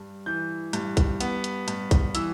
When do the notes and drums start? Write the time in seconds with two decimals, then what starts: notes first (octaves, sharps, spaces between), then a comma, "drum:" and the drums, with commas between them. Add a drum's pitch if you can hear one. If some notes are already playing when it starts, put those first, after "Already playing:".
Already playing: G2
0.26 E3 G6
0.73 G2, drum: hi-hat
0.97 drum: kick, hi-hat
1.20 B3, drum: hi-hat
1.44 drum: hi-hat
1.68 G2, drum: hi-hat
1.91 drum: kick, hi-hat
2.15 E3 E6, drum: hi-hat